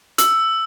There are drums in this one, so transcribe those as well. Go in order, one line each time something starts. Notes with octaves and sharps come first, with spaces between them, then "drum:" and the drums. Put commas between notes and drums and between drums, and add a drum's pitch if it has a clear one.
E6, drum: hi-hat